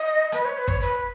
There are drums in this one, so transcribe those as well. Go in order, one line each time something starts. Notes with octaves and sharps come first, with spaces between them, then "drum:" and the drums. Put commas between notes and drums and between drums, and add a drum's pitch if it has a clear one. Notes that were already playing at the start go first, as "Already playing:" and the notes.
Already playing: D#5
B4, drum: rim click
C#5
B4
C#5, drum: kick
B4